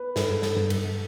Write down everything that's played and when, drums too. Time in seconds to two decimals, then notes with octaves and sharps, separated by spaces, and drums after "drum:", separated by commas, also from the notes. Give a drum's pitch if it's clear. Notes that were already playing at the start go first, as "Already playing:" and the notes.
Already playing: B4
0.16 G2 A4, drum: snare
0.42 A4, drum: snare
0.56 G2
0.70 A4, drum: cymbal